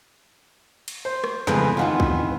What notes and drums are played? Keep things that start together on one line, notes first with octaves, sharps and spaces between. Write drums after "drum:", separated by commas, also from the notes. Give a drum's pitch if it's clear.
drum: cymbal
C5
drum: rim click
F2 C#3 E3 G3 G#3 B3, drum: snare
D#3 E3 C4 F4 F#5
drum: kick